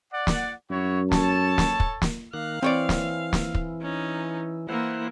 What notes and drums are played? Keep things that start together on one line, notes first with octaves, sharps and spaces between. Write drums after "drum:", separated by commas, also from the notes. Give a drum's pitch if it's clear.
D5 F#5
drum: snare
F#2 E4 F#4 C#5
A4 C#5 A5, drum: snare
drum: snare
drum: kick
drum: snare
D#3 A#3 F5 F#6
E3 C4 C#5 D5
drum: snare
drum: snare
drum: kick
C#4 D#4
E3 A#3 E4 C5 F#5